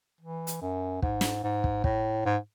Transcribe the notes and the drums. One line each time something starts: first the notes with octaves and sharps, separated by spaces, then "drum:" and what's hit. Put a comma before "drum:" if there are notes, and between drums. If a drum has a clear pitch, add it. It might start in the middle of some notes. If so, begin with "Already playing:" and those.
E3
drum: hi-hat
F#2
G#2, drum: kick
drum: snare
G#2
drum: kick
A2, drum: kick
G#2